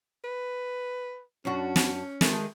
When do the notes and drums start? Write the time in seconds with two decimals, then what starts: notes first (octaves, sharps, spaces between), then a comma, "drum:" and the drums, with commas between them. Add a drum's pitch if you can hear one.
0.24 B4
1.45 F#2 C#4 D4 F#4
1.76 drum: snare
2.21 D#3 G#3 A3, drum: snare